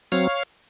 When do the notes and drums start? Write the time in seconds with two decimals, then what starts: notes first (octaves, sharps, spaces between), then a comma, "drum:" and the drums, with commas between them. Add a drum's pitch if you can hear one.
0.12 F#3 C4 C#5 F5, drum: open hi-hat